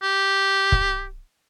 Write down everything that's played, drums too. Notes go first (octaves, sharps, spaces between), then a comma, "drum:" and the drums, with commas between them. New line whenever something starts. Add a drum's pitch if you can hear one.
G4
drum: kick